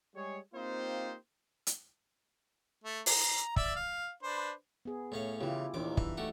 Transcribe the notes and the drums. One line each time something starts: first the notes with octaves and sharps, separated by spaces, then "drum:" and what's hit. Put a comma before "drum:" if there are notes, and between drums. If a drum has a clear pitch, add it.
G3 G#3 G#4 C#5
A#3 C4 D#4 F4 G4 C5
drum: hi-hat
A3
A#5, drum: open hi-hat
D5 E5 E6, drum: kick
F5
D4 B4 C5
B3 G#4
A2 C#4 F5
C#3 E3 E4 F4 G4
A#1 D#2 E3 D4 D#4 D6
E3 E5 B5, drum: kick
A3 F#4 G4